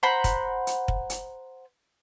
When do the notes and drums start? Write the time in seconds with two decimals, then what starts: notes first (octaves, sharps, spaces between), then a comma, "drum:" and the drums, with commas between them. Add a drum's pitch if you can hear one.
0.03 C5 F#5 A#5 B5
0.24 drum: kick, hi-hat
0.67 drum: hi-hat
0.88 drum: kick
1.10 drum: hi-hat